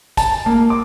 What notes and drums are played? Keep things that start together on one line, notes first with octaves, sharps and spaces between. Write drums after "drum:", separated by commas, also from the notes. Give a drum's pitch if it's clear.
A5, drum: kick, hi-hat
A#3
D6